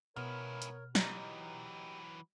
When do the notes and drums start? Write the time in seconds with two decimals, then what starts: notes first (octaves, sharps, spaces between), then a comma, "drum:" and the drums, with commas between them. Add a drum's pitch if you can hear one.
0.16 G#2 B2 B3 E4 A#4 C#5 F6
0.62 drum: hi-hat
0.95 E3 F#3 D#4 G4, drum: snare